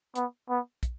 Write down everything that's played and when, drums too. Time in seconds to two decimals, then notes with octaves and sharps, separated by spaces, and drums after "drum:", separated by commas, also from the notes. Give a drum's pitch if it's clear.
0.15 B3, drum: hi-hat
0.49 B3
0.83 drum: kick, hi-hat